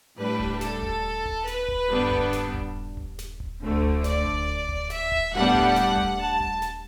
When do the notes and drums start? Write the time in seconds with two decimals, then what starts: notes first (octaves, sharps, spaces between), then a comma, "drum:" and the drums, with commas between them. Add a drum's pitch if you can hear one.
0.18 A2 G3 D4 B4
0.40 drum: kick D#1
0.61 A4, drum: snare
0.83 drum: kick D#1
1.25 drum: kick D#1
1.47 B4, drum: snare
1.68 drum: kick D#1
1.90 G2 D3 G3 B3 D4
2.11 drum: kick D#1
2.33 drum: snare
2.54 drum: kick D#1
2.97 drum: kick D#1
3.19 drum: snare
3.40 drum: kick D#1
3.62 D2 D3 A3
3.83 drum: kick D#1
4.04 D5, drum: snare
4.26 drum: kick D#1
4.69 drum: kick D#1
4.90 E5, drum: snare
5.12 drum: kick D#1
5.33 A2 G3 B3 D4 F#5
5.55 drum: kick D#1
5.76 drum: snare
5.97 drum: kick D#1
6.18 A5
6.40 drum: kick D#1
6.62 drum: snare